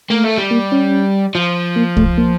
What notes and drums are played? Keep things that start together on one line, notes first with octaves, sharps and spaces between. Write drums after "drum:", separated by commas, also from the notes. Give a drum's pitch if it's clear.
A3 A#3
A3
G3
A#3
C#4
F3
A#3
A3, drum: kick
A#3